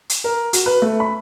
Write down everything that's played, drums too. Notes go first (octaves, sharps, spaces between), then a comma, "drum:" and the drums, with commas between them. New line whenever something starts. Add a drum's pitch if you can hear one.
drum: hi-hat
A#4
F#4, drum: hi-hat
B4
A3
B5